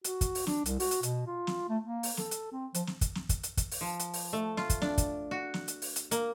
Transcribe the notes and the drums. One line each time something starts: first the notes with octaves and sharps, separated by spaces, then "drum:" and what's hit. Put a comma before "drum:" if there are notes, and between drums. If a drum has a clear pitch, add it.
F#4, drum: hi-hat
drum: kick, hi-hat
drum: open hi-hat
D4, drum: snare
C2, drum: hi-hat
F#4, drum: open hi-hat
drum: hi-hat
B2, drum: hi-hat
F4
drum: snare
A3
A#3
drum: open hi-hat
A4, drum: snare
drum: hi-hat
C4
F3, drum: hi-hat
drum: snare
drum: kick, hi-hat
drum: snare
drum: kick, hi-hat
drum: hi-hat
drum: kick, hi-hat
drum: open hi-hat
F3
drum: hi-hat
drum: open hi-hat
A3
F4, drum: snare
drum: kick, hi-hat
D4, drum: snare
drum: kick, hi-hat
F#4
drum: snare
drum: hi-hat
drum: open hi-hat
drum: hi-hat
A#3, drum: hi-hat